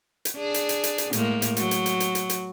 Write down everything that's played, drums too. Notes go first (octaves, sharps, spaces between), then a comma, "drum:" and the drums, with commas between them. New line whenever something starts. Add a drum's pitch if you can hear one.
drum: hi-hat
D4 G#4
drum: hi-hat
drum: hi-hat
drum: hi-hat
drum: hi-hat
A2 G#3 A#3, drum: hi-hat
drum: hi-hat
F#3, drum: hi-hat
drum: hi-hat
drum: hi-hat
drum: hi-hat
drum: hi-hat
drum: hi-hat